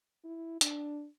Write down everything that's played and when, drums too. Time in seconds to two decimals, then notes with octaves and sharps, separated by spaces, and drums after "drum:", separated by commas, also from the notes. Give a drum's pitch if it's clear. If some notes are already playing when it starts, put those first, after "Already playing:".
0.24 E4
0.61 D4, drum: hi-hat